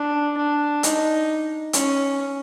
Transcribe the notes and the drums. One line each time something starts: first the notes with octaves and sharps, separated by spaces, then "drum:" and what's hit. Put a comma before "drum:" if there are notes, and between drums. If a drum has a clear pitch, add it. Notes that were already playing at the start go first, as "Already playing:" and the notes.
Already playing: D4
D4
D#4, drum: hi-hat
C#4, drum: hi-hat